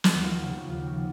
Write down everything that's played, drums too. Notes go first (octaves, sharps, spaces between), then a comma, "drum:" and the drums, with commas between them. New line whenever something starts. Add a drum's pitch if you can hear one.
drum: snare
D#2 F#4
F4
F#4
C#3 F3 A#3
G4
F#4
D#2 F4
F#4 G4
C#3 F3